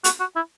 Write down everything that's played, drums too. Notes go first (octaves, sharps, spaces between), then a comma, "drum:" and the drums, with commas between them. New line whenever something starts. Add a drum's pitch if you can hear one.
F#4, drum: hi-hat
F#4
E4